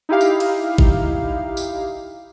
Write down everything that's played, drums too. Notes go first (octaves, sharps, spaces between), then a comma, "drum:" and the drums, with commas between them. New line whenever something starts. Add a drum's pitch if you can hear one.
D#4 E4 G4 F5
drum: tambourine
drum: cymbal
drum: kick G#1
drum: tambourine